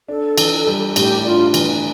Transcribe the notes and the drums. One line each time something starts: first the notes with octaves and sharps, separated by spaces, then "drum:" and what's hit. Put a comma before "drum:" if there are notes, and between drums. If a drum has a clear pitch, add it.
D4 A4
E3, drum: cymbal
G3
A2 G4, drum: cymbal
D4 F4
E3, drum: cymbal